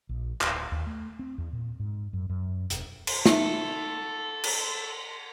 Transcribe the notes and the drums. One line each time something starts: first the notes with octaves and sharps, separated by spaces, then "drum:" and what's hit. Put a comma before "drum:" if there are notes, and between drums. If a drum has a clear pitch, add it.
A#1
D1, drum: clap
D#2
A3
C4
E2
A#2
G#2
F#2
F#2
E1, drum: hi-hat
drum: cymbal
D#4 A4 E5, drum: snare
drum: cymbal